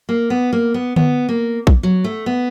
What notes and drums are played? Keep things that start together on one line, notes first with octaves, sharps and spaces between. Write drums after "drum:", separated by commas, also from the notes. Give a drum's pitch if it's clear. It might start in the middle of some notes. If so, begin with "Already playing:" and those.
A#3
B3
A#3
B3
B3, drum: tom D3
A#3
drum: kick A#1
F#3
A3
B3